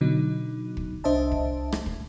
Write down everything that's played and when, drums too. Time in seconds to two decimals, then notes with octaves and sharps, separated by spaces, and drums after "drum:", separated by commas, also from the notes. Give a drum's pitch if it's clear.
0.01 B2 D3 F#3 D#4
0.77 drum: kick
1.04 C2 D4 C5 D#5 E5 A5
1.31 drum: kick
1.72 drum: rim click
1.86 drum: kick